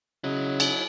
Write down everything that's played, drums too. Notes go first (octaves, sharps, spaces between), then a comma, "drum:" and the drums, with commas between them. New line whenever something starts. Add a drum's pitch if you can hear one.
C#3 F#3 E4 D#5
drum: cymbal